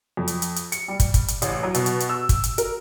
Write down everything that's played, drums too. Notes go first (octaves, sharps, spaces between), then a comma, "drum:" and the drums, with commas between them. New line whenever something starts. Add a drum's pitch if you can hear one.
F2
drum: hi-hat
drum: hi-hat
drum: hi-hat
C#7, drum: hi-hat
G3
drum: kick, hi-hat
drum: kick, hi-hat
drum: hi-hat
A1, drum: hi-hat
F#3
B2, drum: hi-hat
drum: hi-hat
drum: hi-hat
E6
drum: kick, hi-hat
drum: hi-hat
A#4, drum: hi-hat